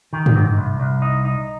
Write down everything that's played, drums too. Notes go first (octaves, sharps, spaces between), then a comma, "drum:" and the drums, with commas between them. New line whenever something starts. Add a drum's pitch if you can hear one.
D#3
drum: tom G2
G#2
C2
C2
D#4
D#4